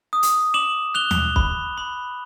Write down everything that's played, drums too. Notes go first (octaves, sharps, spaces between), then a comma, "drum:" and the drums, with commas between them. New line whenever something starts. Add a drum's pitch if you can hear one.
D#6
drum: hi-hat
D6 E7 F#7
F#6 F7 G7
drum: tom D#2
B5, drum: kick
B5